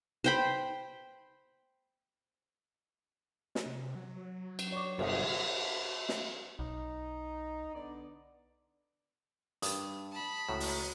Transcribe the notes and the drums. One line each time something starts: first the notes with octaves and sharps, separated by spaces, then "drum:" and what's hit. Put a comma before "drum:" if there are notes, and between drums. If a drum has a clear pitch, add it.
C5 G5 B5
drum: snare
C3
F#3
drum: cymbal
F#3 C#5 D5
G1 C3 D#5, drum: cymbal
drum: snare
B1 D#4
D3 B3 D5
G2 D#6, drum: hi-hat
A5 B5
C#2 A2 F#4 A#5
drum: open hi-hat